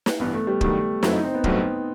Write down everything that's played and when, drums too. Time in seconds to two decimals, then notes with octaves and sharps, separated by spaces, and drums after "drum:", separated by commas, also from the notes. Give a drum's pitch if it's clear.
0.06 drum: snare
0.19 A1 G2 E3 B3
0.33 A3
0.47 G3
0.61 G2 D#3 F#3 A3, drum: kick
1.03 F#2 F#3 A3 C4 E4, drum: snare
1.13 D#4
1.24 C4
1.34 B3
1.44 A1 G2 F#3 A3 C4, drum: kick